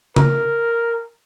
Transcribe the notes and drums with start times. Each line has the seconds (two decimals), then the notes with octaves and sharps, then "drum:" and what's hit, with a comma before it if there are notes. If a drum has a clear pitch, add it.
0.16 A#4, drum: tom C#3